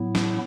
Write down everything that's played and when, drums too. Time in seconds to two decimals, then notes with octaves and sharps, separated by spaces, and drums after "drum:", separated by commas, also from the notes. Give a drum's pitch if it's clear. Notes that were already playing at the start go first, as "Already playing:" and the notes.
Already playing: A2 F#3 B3 E4
0.15 drum: snare